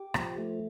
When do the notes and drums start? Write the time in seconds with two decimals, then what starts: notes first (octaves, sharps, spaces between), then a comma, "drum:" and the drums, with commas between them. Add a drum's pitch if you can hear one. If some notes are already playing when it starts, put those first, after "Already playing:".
Already playing: G4
0.14 F3, drum: rim click
0.38 A3